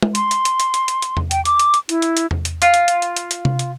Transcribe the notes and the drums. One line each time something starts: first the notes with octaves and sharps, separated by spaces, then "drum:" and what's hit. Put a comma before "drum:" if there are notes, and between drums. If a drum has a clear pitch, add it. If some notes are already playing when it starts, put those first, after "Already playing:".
drum: tom G#3
C6, drum: hi-hat
drum: hi-hat
drum: hi-hat
drum: hi-hat
drum: hi-hat
drum: hi-hat
drum: hi-hat
drum: tom E2
G5, drum: hi-hat
D6, drum: hi-hat
drum: hi-hat
drum: hi-hat
E4, drum: hi-hat
drum: hi-hat
drum: hi-hat
drum: tom E2
drum: hi-hat
F4, drum: hi-hat
drum: hi-hat
drum: hi-hat
drum: hi-hat
drum: hi-hat
drum: hi-hat
drum: tom C3
drum: hi-hat